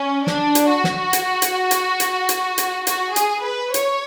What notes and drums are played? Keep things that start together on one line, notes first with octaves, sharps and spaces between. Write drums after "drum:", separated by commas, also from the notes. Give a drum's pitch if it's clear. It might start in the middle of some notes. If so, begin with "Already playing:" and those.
Already playing: C#4
D4, drum: snare
drum: hi-hat
F#4
drum: snare
drum: hi-hat
drum: hi-hat
drum: hi-hat
drum: hi-hat
drum: hi-hat
drum: hi-hat
F#4, drum: hi-hat
G#4, drum: hi-hat
B4
C#5, drum: hi-hat